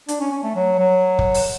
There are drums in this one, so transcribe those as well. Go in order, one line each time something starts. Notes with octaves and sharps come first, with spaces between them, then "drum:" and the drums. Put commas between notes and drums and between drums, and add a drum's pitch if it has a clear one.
D4, drum: hi-hat
C#4
C#4
A3
F#3
F#3
drum: kick
drum: open hi-hat